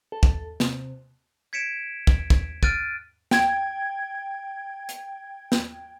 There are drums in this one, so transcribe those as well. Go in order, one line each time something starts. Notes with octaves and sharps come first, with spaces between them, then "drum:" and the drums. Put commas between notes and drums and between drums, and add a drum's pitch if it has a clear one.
A4
drum: kick
C3, drum: snare
G#6 B6 C#7 D7 E7
drum: kick
drum: kick
F6 F#6 A6 D7 D#7, drum: kick
G5 G#6, drum: snare
drum: hi-hat
drum: snare